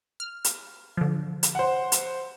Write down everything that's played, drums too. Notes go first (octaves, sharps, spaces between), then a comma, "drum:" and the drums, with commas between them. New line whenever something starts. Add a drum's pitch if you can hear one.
F6
drum: hi-hat
D3 F3
drum: hi-hat
C5 F#5
drum: hi-hat